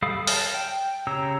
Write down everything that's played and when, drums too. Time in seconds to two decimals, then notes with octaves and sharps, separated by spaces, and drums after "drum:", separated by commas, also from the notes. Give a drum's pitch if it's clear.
0.02 G3 A4 F5 B5 D#6
0.27 A5 F6, drum: open hi-hat
0.54 G5
1.07 C#3 G4 C#5 A#5 E6